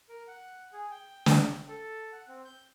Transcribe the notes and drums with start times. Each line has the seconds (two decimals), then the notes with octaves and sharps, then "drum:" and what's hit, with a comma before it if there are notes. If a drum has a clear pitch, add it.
0.09 A#4
0.28 F#5
0.73 G#4
0.91 G5
1.26 drum: snare
1.68 A4
2.12 F#5
2.28 C4
2.45 G6